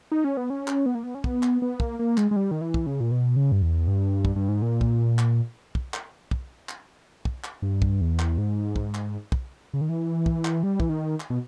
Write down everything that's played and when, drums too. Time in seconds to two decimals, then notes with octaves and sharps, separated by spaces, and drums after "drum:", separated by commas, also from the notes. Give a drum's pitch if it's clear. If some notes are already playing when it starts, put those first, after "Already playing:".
0.12 D#4
0.24 C#4
0.37 B3
0.50 C#4
0.68 drum: clap
0.86 B3
0.95 A#3
1.04 B3
1.15 C#4
1.24 B3, drum: kick
1.43 drum: clap
1.62 B3
1.80 A#3, drum: kick
1.99 A#3
2.17 G#3, drum: clap
2.31 G#3
2.36 G3
2.51 D#3
2.61 E3
2.74 drum: kick
2.86 C#3
3.00 A#2
3.11 B2
3.36 C#3
3.52 G2
3.62 E2
3.87 G2
4.25 drum: kick
4.36 G2
4.49 G#2
4.62 A#2
4.81 drum: kick
5.19 drum: clap
5.75 drum: kick
5.94 drum: clap
6.31 drum: kick
6.69 drum: clap
7.25 drum: kick
7.44 drum: clap
7.62 G2
7.82 drum: kick
8.01 E2
8.19 drum: clap
8.38 G#2
8.76 drum: kick
8.94 drum: clap
9.32 drum: kick
9.74 C#3
9.81 D#3
9.89 E3
10.26 drum: kick
10.45 drum: clap
10.63 G3
10.80 E3, drum: kick
10.89 D#3
11.20 drum: clap
11.30 B2